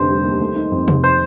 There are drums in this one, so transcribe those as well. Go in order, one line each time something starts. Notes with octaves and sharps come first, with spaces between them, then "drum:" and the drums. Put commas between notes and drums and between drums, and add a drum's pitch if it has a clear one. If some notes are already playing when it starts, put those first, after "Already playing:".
Already playing: F1 D3 C5
G3
D#2
A3
D#4
F2
F2, drum: tom C3
C5